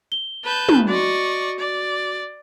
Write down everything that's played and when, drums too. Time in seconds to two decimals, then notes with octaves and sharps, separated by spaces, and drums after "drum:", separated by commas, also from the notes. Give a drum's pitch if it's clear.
0.12 G7
0.44 B4 A5 G6
0.69 drum: tom
0.88 F#4 D5 D#5 C#6
1.60 D5